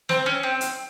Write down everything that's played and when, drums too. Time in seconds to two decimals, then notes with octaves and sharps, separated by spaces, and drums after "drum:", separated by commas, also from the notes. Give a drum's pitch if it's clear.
0.09 C4, drum: snare
0.26 C#4
0.43 C4
0.61 drum: hi-hat